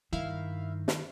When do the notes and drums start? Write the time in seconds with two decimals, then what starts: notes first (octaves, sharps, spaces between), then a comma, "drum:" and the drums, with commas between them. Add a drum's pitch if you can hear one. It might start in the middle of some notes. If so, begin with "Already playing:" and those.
0.13 G2 D#3 E4 A#4 E5 F5
0.88 drum: snare